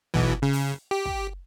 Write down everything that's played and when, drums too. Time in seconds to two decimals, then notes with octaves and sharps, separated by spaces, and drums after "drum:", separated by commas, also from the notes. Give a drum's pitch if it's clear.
0.14 B1 B2 E3, drum: kick
0.42 C#3
0.53 drum: open hi-hat
0.91 G4
1.05 drum: kick